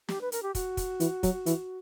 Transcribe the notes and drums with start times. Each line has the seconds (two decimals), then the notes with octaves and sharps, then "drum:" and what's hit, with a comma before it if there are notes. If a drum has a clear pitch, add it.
0.09 G4, drum: snare
0.21 B4
0.32 A#4, drum: hi-hat
0.43 G4
0.55 F#4, drum: kick, hi-hat
0.77 drum: kick, hi-hat
1.00 E3, drum: hi-hat
1.23 F#3, drum: kick, hi-hat
1.46 E3, drum: hi-hat